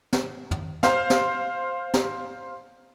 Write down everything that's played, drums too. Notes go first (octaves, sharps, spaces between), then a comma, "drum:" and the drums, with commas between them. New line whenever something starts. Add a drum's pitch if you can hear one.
drum: snare
drum: tom
C5 F5, drum: snare
drum: snare
drum: snare